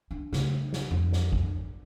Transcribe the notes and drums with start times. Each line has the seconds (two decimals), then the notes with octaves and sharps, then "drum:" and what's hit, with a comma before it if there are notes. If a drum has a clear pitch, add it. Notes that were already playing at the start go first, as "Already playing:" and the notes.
0.11 D4
0.33 C#3 A3, drum: snare
0.73 drum: snare
0.91 F2
1.13 drum: snare
1.33 drum: kick